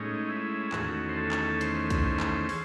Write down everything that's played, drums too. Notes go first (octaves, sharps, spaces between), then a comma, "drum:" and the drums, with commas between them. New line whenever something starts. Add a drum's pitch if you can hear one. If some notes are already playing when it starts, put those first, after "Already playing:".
Already playing: A2 G#3 C#4 D#4
E4
E2 D#3 A3 C#4 F#4, drum: clap
C5
A4
drum: clap
C5, drum: hi-hat
drum: kick, hi-hat
drum: clap
G#4, drum: open hi-hat